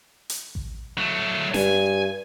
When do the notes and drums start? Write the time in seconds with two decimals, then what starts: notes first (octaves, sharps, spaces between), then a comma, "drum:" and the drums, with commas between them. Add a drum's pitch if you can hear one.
0.30 drum: hi-hat
0.55 drum: kick A1
0.98 F#3 A3
1.54 G2 G#5, drum: snare